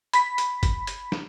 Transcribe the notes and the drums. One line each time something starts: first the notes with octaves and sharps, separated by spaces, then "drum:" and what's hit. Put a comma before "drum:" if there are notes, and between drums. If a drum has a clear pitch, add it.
B5 B6, drum: hi-hat
drum: hi-hat
drum: kick, hi-hat
drum: hi-hat
drum: snare